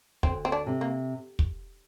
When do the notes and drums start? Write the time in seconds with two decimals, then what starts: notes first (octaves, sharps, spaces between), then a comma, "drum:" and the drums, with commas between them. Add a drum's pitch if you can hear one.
0.23 D2 C4, drum: kick
0.45 C4
0.52 D4
0.66 C3
0.81 A#3
1.39 drum: kick